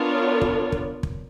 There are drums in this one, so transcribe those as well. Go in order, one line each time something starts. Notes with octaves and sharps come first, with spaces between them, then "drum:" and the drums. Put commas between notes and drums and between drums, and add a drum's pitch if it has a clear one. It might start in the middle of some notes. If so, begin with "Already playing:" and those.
Already playing: B3 D4 F4 A#4 C#5
drum: kick
drum: kick
drum: kick